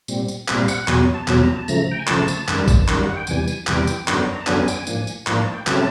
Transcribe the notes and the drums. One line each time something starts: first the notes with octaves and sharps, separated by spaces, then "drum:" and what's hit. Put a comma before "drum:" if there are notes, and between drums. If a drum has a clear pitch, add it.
A#2 G3 C4, drum: tambourine
drum: tambourine
A#2 G3 C4 E5, drum: clap
F5
F#5, drum: tambourine
F#5
E2 B2 F#3 G#5, drum: clap
A5
E2 B2 F#3 A5, drum: clap
A#5
A5
C#3 F3 A3 A#5, drum: tambourine
G5
G#5
C#3 F3 A3 A5, drum: clap
drum: tambourine
F#2 D#3 G3, drum: clap
drum: kick G#1, tambourine
F#2 D#3 G3, drum: clap
F#5
G5
E2 C3 E3 G3 G#5, drum: tambourine
drum: tambourine
E2 C3 E3 G3 G5, drum: clap
drum: tambourine
F#2 D3 F#3 B3 D4, drum: clap
A#5
A5
F#2 D3 F#3 B3 D4 G#5, drum: clap
G#5
G5, drum: tambourine
G#5
A2 F3 A#3 D4, drum: tambourine
drum: tambourine
A2 F3 A#3 D4 A#5, drum: clap
A5
G5
C#3 F#3 A3 C4 A5, drum: clap